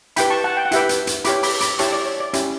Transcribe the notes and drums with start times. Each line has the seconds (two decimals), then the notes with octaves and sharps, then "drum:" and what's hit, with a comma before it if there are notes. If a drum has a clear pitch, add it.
0.16 E4 G4 B4 G5 B5, drum: hi-hat
0.30 A5 C#6
0.44 F#5 A5
0.57 G5
0.65 F#5
0.72 E4 G4 B4 E5 G5, drum: hi-hat
0.89 drum: hi-hat
1.07 drum: hi-hat
1.24 E4 G4 C#5 B5 D6, drum: hi-hat
1.43 B5 D6, drum: open hi-hat
1.61 B5 D6, drum: hi-hat
1.79 E4 G4 C#5 A5 C#6, drum: hi-hat
1.92 D5
2.06 C#5
2.20 D5
2.33 C#4 E4 G4, drum: hi-hat